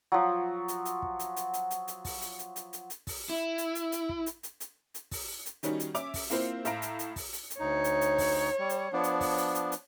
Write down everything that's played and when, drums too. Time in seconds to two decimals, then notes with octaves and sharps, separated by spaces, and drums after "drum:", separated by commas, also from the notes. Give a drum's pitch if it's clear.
0.12 F3 F#3
0.68 drum: hi-hat
0.85 drum: hi-hat
1.02 drum: kick
1.19 drum: hi-hat
1.36 drum: hi-hat
1.53 drum: hi-hat
1.71 drum: hi-hat
1.88 drum: hi-hat
2.05 drum: kick, open hi-hat
2.22 drum: hi-hat
2.39 drum: hi-hat
2.56 drum: hi-hat
2.73 drum: hi-hat
2.90 drum: hi-hat
3.07 drum: kick, open hi-hat
3.30 E4
3.58 drum: hi-hat
3.75 drum: hi-hat
3.92 drum: hi-hat
4.09 drum: kick
4.26 drum: hi-hat
4.43 drum: hi-hat
4.60 drum: hi-hat
4.94 drum: hi-hat
5.11 drum: kick, open hi-hat
5.46 drum: hi-hat
5.63 D#3 G3 C#4 D#4 F#4, drum: hi-hat
5.80 drum: hi-hat
5.94 C#4 E5 D6 F7, drum: hi-hat
6.14 drum: kick, open hi-hat
6.30 A#3 C4 E4 F4 C5, drum: hi-hat
6.65 A2 E5 F5 A#5 A#6 D7, drum: hi-hat
6.82 drum: hi-hat
6.99 drum: hi-hat
7.16 drum: kick, open hi-hat
7.33 drum: hi-hat
7.50 drum: hi-hat
7.60 D2 D#4 C#5
7.84 drum: hi-hat
8.01 drum: hi-hat
8.18 drum: kick, open hi-hat
8.59 G3
8.69 drum: hi-hat
8.93 F3 B3 D4
9.03 drum: hi-hat
9.21 drum: kick, open hi-hat
9.38 drum: hi-hat
9.55 drum: hi-hat
9.72 drum: hi-hat